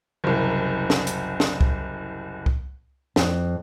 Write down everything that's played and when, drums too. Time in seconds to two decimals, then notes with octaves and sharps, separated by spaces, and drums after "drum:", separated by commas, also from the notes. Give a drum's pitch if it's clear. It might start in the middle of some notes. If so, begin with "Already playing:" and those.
0.24 F#1 C2
0.90 drum: snare
1.07 drum: hi-hat
1.40 drum: snare
1.61 drum: kick C2
2.46 drum: kick C2
3.16 F2, drum: snare